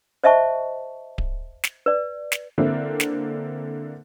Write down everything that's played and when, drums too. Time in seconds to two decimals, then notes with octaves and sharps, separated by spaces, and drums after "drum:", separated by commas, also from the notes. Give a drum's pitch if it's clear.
0.24 C5 D#5 E5 A5 C#6
1.18 drum: kick D1
1.64 drum: snare
1.86 B4 D5
2.32 drum: snare
2.58 D3 A#3 C4 D4 E4
3.00 drum: snare